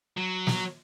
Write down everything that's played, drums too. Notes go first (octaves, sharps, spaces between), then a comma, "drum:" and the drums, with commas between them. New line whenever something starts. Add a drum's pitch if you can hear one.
F#3
drum: snare